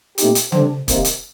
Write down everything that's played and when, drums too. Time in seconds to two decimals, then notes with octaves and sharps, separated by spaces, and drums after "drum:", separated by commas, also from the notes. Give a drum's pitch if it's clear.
0.18 A#2 A3 C4 D#4 G4, drum: hi-hat
0.35 drum: hi-hat
0.52 C3 G3 D4 A4 C5, drum: tom C#3
0.88 C3 D#3 A#3, drum: kick, hi-hat
1.05 drum: hi-hat